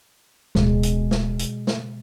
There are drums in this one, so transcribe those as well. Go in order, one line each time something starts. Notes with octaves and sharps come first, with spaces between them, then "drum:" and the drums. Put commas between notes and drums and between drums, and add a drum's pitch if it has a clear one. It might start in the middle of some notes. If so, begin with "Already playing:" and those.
D1 B2 G#3, drum: snare
drum: hi-hat
drum: snare
drum: hi-hat
drum: snare